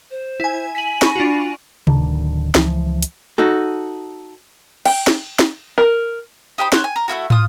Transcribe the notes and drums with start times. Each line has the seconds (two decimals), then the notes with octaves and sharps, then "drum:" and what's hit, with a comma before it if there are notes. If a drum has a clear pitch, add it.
0.11 C5
0.40 E4 G#5
0.75 G#5 B6 F#7
1.02 B5 C#6 A#6, drum: snare
1.16 D4 F4 F#4
1.87 D1 D2 D#3 D4, drum: tom C3
2.55 C#2 E3 F3, drum: snare
3.02 drum: hi-hat
3.38 D#4 F#4 A4
4.85 G5, drum: cymbal
5.07 drum: snare
5.39 drum: snare
5.78 A#4
6.58 D#4 G4 C5 B5
6.72 C5 C#5 F#5, drum: snare
6.84 G#5
6.96 A#4
7.08 A3 A#3 E4 F#4
7.30 F4 D#6, drum: tom